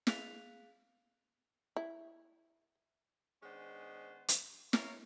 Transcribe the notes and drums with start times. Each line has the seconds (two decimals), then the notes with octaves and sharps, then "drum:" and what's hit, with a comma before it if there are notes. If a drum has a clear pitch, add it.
0.07 G#4 F5 F#6 B6 F7, drum: snare
1.76 E4
3.43 D#3 G#3 B3 C#4 D4 C5
4.28 drum: hi-hat
4.73 A#4 C#5 F5, drum: snare